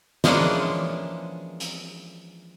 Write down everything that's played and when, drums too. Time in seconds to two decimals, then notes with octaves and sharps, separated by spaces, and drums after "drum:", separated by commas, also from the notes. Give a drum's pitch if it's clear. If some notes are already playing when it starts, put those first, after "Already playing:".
0.24 E3 F3 G#3 A#3 C#4 D4, drum: snare
1.60 drum: hi-hat